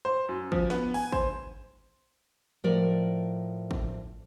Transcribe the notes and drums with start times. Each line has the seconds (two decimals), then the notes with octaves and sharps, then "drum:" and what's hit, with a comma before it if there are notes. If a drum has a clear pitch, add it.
0.05 C5
0.29 F#2
0.52 F3, drum: kick
0.70 B3, drum: snare
0.94 G#5, drum: open hi-hat
1.12 C5, drum: kick
2.64 A2 F3 A#4 D5
3.71 drum: kick